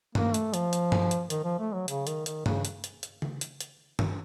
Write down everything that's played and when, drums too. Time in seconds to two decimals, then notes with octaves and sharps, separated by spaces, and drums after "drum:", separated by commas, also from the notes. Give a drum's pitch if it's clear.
0.15 A#3, drum: tom G2
0.34 A3, drum: hi-hat
0.54 F3, drum: hi-hat
0.73 drum: hi-hat
0.92 drum: tom G2
1.11 drum: hi-hat
1.30 D#3, drum: hi-hat
1.44 F3
1.59 A3
1.74 F#3
1.88 C#3, drum: hi-hat
2.07 D#3, drum: hi-hat
2.26 D#3, drum: hi-hat
2.46 C#3, drum: tom G2
2.65 drum: hi-hat
2.84 drum: hi-hat
3.03 drum: hi-hat
3.22 drum: tom C#3
3.41 drum: hi-hat
3.61 drum: hi-hat
3.99 drum: tom G2